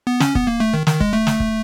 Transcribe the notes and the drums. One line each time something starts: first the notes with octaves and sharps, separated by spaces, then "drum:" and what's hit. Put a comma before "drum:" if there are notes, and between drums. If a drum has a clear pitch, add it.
B3
C#4, drum: snare
B3, drum: kick
A#3
A3
D#3
D#3, drum: snare
G#3, drum: kick
A3
drum: snare
drum: kick